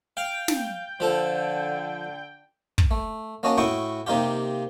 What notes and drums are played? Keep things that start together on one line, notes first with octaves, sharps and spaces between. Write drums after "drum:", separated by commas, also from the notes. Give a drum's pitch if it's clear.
F5 G5
drum: snare
D3 F3 A4
drum: kick
A3
A#3 C#4 F#4 D#5 A5
A2 E4 F#4 G5 C#6 D#6
C3 A#3 D#4 F4 G4